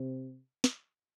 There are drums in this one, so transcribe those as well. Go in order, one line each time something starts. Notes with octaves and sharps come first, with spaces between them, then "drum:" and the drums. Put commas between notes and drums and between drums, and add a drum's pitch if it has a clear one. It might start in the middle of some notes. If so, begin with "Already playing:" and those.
Already playing: C3
drum: snare